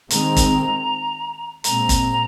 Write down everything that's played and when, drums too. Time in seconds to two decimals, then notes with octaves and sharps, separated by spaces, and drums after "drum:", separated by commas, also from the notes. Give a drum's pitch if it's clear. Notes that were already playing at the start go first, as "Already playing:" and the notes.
0.10 D#3 G#3 C4 A#5, drum: hi-hat
0.36 drum: kick, hi-hat
1.64 A#2 G#3 C4 A#5, drum: hi-hat
1.89 drum: kick, hi-hat